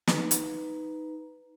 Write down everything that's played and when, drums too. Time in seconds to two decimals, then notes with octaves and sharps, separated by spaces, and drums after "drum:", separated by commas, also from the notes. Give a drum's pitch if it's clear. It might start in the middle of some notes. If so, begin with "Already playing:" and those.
0.07 D#4 B4 A#5, drum: snare
0.31 drum: hi-hat